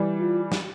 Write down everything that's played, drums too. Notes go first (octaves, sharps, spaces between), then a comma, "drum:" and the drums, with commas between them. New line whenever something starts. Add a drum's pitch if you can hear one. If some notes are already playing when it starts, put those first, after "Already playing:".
Already playing: E3 G3
F4
drum: snare